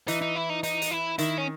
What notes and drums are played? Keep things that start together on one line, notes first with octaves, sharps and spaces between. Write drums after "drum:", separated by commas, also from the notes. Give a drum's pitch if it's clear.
E3 D#4, drum: hi-hat
D#4
E4
D#4
D#4, drum: hi-hat
drum: hi-hat
E4
D#3 E4, drum: hi-hat
C#4